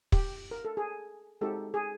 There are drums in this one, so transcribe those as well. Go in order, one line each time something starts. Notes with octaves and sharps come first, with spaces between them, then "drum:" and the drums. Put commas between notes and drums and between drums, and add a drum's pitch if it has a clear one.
G4, drum: kick
A#4
A4
G#4
G#3 C4 D#4 F#4 G4 A4
G#4